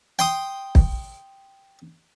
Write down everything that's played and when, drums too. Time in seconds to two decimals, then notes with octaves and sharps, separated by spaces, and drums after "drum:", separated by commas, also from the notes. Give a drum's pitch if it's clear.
0.19 G5 C6 D#6
0.75 drum: kick